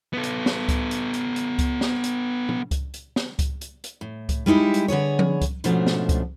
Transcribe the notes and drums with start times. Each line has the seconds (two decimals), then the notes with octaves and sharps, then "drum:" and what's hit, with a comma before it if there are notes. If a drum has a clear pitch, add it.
0.13 B3 A4
0.24 drum: hi-hat
0.46 drum: snare
0.69 drum: kick C#2, hi-hat
0.91 drum: hi-hat
1.14 drum: hi-hat
1.36 drum: hi-hat
1.59 drum: kick C#2, hi-hat
1.81 drum: snare
2.04 drum: hi-hat
2.49 drum: tom A#2
2.71 drum: kick C#2, hi-hat
2.94 drum: hi-hat
3.16 drum: snare
3.39 drum: kick C#2, hi-hat
3.61 drum: hi-hat
3.84 drum: hi-hat
4.01 A2
4.29 drum: kick C#2, hi-hat
4.46 G3 G#3 D#4 E4 G4
4.74 drum: hi-hat
4.88 D3 B3 G#4 C#5
5.19 drum: tom F3
5.41 drum: kick C#2, hi-hat
5.64 G#2 B2 F3 A3 C#4 D4, drum: hi-hat
5.87 drum: snare
6.09 drum: kick C#2, hi-hat